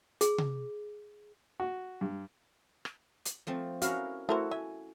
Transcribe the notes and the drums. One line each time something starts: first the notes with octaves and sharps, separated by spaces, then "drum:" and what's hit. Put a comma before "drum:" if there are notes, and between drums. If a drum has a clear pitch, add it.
G#4, drum: hi-hat
drum: tom C3
F#4
G2
drum: rim click
drum: hi-hat
F3 A3 C4
C#4 E4 F#4 A#4 F5, drum: hi-hat
A3 E4 F#4 A4 A#4 C5
E5 G#5